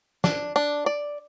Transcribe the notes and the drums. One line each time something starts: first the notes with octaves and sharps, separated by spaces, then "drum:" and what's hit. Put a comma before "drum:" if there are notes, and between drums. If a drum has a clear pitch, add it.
D4, drum: snare
D4
D5